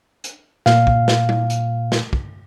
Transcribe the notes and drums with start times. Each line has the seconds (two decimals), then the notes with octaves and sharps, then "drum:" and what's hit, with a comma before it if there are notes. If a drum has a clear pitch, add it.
0.24 drum: hi-hat
0.66 A#2 F5, drum: snare
0.87 drum: kick
1.08 drum: snare
1.29 drum: tom
1.50 drum: hi-hat
1.92 drum: snare
2.13 drum: kick